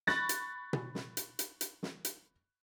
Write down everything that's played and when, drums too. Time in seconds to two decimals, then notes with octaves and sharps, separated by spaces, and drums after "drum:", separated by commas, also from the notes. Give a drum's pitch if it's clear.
0.07 B5 C#6 F#6 A6 A#6, drum: snare
0.29 drum: hi-hat
0.73 drum: tom B2
0.95 drum: snare
1.17 drum: hi-hat
1.39 drum: hi-hat
1.61 drum: hi-hat
1.83 drum: snare
2.05 drum: hi-hat